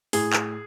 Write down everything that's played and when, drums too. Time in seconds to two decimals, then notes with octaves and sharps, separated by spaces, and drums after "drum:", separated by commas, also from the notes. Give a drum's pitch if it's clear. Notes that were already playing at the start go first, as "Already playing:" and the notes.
0.13 A2 G#4, drum: open hi-hat
0.33 drum: clap